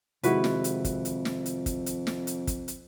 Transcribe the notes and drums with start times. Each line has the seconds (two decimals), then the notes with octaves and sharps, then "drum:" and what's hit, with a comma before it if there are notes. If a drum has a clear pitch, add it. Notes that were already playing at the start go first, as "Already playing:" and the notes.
0.23 F2 C3 D#3 G#3 E4 F#4 B4, drum: hi-hat
0.44 drum: snare
0.64 drum: hi-hat
0.85 drum: kick, hi-hat
1.05 drum: hi-hat
1.25 drum: snare
1.46 drum: hi-hat
1.66 drum: kick, hi-hat
1.86 drum: hi-hat
2.07 drum: snare
2.27 drum: hi-hat
2.47 drum: kick, hi-hat
2.68 drum: hi-hat